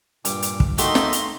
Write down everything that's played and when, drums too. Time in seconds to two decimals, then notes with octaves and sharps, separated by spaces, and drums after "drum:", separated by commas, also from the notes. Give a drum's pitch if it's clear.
0.25 G2 A#2 D6, drum: hi-hat
0.42 drum: hi-hat
0.60 drum: kick
0.78 A3 A#3 D#4 F#4 G4 D#5 E5 C6, drum: hi-hat
0.95 drum: snare
1.13 drum: hi-hat